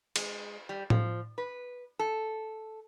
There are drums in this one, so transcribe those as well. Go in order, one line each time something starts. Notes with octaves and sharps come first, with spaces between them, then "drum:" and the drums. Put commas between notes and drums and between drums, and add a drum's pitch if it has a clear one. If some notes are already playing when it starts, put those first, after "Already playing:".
G#3, drum: cymbal
G3
F3, drum: tom A2
B4
A4